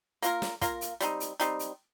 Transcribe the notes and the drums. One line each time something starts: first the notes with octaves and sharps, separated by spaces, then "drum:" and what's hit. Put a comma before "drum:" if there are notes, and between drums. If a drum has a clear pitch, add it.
A#3 F4 A#4, drum: hi-hat
drum: snare
A#3 F4 A#4, drum: kick, hi-hat
drum: hi-hat
G3 C4 D#4, drum: hi-hat
drum: hi-hat
G3 C4 D#4, drum: hi-hat
drum: hi-hat